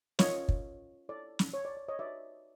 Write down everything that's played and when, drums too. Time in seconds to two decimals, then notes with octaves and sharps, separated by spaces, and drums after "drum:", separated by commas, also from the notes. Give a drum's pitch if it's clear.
0.19 C#4 F4 A#4 C#5 D#5, drum: snare
0.49 drum: kick
1.09 E4 A4 C#5 D5
1.39 drum: snare
1.54 C#5
1.65 D5
1.77 D5
1.88 C#5 D#5
1.99 D#4 F#4 B4 D5 E5